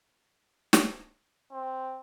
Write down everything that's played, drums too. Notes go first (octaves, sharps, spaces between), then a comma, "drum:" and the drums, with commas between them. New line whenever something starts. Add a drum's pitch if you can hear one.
drum: snare
C4